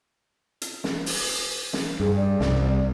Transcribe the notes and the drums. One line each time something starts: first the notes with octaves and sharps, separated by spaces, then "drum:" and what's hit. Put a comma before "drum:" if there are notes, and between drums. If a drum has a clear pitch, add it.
drum: hi-hat
drum: snare
drum: open hi-hat
drum: snare
G2 G#4
D5
C2, drum: snare